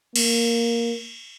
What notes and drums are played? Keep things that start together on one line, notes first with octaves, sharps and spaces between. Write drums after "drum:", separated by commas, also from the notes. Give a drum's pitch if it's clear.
A#3, drum: cymbal